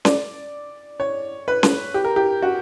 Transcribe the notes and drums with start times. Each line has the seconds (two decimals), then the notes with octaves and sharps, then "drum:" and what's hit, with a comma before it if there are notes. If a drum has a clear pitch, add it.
0.05 D5, drum: snare C#4
1.00 C#5
1.48 B4
1.63 drum: snare C#4
1.94 G4
2.04 A#4
2.16 G4
2.42 F#4